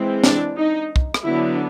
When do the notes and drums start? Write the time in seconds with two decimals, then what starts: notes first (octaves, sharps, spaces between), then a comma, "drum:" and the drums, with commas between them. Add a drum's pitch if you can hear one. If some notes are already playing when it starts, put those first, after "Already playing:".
Already playing: E3 G#3 C4
0.24 D4, drum: snare
0.57 D#4
0.96 drum: kick
1.14 drum: rim click
1.24 D3 F#3 B3 D4 E4